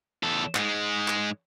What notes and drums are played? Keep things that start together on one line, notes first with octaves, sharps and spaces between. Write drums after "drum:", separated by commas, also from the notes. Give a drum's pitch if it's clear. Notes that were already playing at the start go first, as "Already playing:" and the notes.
E2 A4
G#2 G#3, drum: clap
drum: clap